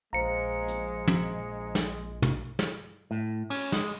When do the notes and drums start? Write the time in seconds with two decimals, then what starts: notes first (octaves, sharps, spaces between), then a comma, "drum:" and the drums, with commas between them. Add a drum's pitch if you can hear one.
0.13 A#1 G#3 C5 F5 A#5 C#7
0.68 drum: hi-hat
1.08 drum: tom
1.75 drum: snare
2.22 drum: tom
2.59 drum: snare
3.11 A2
3.50 C#4, drum: cymbal
3.72 G#3, drum: snare